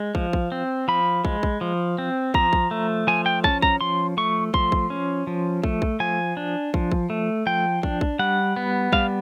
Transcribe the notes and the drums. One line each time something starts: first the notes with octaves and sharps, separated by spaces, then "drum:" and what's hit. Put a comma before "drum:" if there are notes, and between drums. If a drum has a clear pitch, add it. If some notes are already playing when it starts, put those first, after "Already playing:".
Already playing: G#3
F3, drum: kick
drum: kick
C4
F3 B5
G#3, drum: kick
drum: kick
F3
C4
F3 A#5, drum: kick
drum: kick
A3
F3 G#5
G5
C#4 A5, drum: kick
A#5, drum: kick
F3 C6
A3 C#6
F3 C6, drum: kick
drum: kick
C#4
F3
A3, drum: kick
drum: kick
F3 G#5
D4
F3, drum: kick
drum: kick
A3
F3 G5
D4, drum: kick
drum: kick
G3 F#5
B3
G3 F5, drum: kick